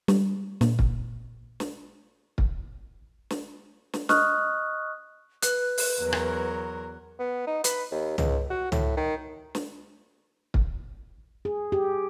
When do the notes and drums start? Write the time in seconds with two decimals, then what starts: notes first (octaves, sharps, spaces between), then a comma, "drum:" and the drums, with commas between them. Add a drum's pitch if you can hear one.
0.08 G3, drum: snare
0.61 A#2, drum: snare
0.79 drum: kick
1.60 drum: snare
2.38 drum: kick
3.30 drum: snare
3.93 drum: snare
4.09 D#5 C#6 D#6 F6 F#6, drum: snare
5.43 B4 F#6, drum: hi-hat
5.78 drum: open hi-hat
6.01 E2 F#3 A#4
6.13 drum: rim click
7.19 B3
7.47 D#4
7.64 B4, drum: hi-hat
7.92 D#2
8.18 C#2, drum: tom
8.50 F#4
8.72 A2, drum: tom
8.97 D#3
9.55 drum: snare
10.54 drum: kick
11.45 G#4
11.72 G4